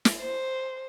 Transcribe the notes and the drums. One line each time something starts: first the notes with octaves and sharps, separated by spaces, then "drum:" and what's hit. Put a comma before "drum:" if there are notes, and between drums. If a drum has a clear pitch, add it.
drum: snare
C5